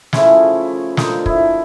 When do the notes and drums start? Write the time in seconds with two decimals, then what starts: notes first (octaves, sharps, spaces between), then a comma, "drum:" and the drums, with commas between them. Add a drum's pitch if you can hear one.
0.13 C#3 F3 A3 C#4 E4, drum: snare
0.97 D3 F3 A#3 D4 D#4, drum: snare
1.26 E4, drum: kick